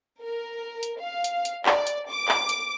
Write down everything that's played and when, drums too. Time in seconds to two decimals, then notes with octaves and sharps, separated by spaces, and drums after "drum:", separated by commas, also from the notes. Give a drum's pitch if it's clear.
0.22 A#4
0.83 drum: hi-hat
1.00 F5
1.24 drum: hi-hat
1.45 drum: hi-hat
1.66 D5, drum: clap
1.87 drum: hi-hat
2.09 D6
2.28 drum: clap
2.49 drum: hi-hat